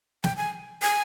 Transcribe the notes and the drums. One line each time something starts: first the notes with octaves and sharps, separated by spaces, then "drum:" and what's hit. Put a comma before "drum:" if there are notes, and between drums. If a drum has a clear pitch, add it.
G5, drum: snare
G#5
G#5